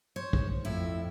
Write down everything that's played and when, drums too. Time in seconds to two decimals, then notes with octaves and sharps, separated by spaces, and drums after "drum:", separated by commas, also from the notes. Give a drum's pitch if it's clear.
0.16 C5 C#5
0.33 drum: kick
0.65 F2 A2 E4